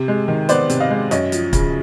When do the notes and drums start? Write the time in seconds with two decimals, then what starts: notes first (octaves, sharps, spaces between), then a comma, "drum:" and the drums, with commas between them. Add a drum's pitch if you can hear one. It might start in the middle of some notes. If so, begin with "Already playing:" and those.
Already playing: C3
0.08 G#3
0.28 D#3
0.49 B3 C5 D5, drum: hi-hat
0.70 C3, drum: hi-hat
0.80 D#5 F5
0.90 G#3
1.11 F#2 C#5 D#5, drum: hi-hat
1.32 F3, drum: hi-hat
1.53 C#3, drum: kick, hi-hat